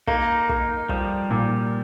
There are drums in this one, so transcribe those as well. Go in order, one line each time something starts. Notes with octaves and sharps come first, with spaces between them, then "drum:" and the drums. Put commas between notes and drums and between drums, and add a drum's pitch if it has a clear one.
A#3 D#4, drum: kick
A#3, drum: kick
F3 G3, drum: kick
A#2